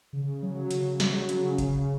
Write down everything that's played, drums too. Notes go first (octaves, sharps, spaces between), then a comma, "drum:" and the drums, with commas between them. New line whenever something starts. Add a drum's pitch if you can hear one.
C#3
F#3
C#3, drum: hi-hat
F#3, drum: snare
C#3, drum: hi-hat
C#3, drum: kick F#1, hi-hat